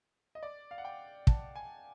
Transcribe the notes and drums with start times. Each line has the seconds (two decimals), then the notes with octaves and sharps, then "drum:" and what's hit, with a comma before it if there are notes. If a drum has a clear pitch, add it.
0.35 D#5
0.43 D5
0.71 F5
0.78 F#5
0.85 G5
1.27 A5, drum: kick
1.55 G#5